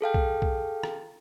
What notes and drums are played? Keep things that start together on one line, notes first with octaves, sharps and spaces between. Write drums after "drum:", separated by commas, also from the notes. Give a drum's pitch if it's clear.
G#4 A4 F5 G5
drum: kick B1
drum: kick B1
drum: rim click